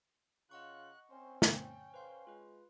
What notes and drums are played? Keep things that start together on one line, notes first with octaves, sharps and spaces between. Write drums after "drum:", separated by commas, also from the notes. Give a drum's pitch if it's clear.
C#3 F4 D#5 F#5 C#6 F#6
C4 C#4 C5
C#4 G5, drum: snare
B4 C5 F5 C6
G#3 F4 B4